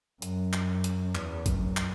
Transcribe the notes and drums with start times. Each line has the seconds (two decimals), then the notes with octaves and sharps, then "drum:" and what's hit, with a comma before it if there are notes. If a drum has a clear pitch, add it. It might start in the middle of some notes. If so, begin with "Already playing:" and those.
0.22 F#2, drum: hi-hat
0.53 drum: clap
0.84 drum: hi-hat
1.15 E2, drum: clap
1.46 F#2, drum: kick G#1, hi-hat
1.77 drum: clap